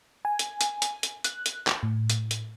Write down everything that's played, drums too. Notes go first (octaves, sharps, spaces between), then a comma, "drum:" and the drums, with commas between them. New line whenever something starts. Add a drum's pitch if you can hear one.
G#5
drum: hi-hat
drum: hi-hat
drum: hi-hat
drum: hi-hat
F#6, drum: hi-hat
drum: hi-hat
drum: clap
A2
drum: hi-hat
drum: hi-hat